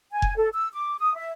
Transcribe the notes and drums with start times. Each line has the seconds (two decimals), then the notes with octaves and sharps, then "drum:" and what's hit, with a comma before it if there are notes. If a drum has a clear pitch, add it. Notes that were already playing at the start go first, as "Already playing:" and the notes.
0.11 G#5
0.22 drum: kick F1
0.36 A4
0.53 E6
0.73 D6
0.98 D#6
1.15 E5